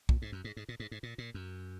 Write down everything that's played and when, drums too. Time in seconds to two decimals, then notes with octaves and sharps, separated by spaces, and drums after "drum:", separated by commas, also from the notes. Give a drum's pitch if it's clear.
0.09 A#2, drum: kick
0.22 G#2
0.32 F#2
0.44 G#2
0.57 G#2
0.69 A#2
0.80 G#2
0.91 G#2
1.03 A#2
1.18 A#2
1.34 F#2